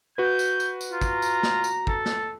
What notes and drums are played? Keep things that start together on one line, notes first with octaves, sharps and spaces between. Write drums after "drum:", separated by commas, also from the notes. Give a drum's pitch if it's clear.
F#4 B4 G6
drum: tambourine
drum: tambourine
drum: tambourine
F4 A#5
drum: kick, tambourine
drum: tambourine
drum: snare
drum: tambourine
A4, drum: kick
drum: snare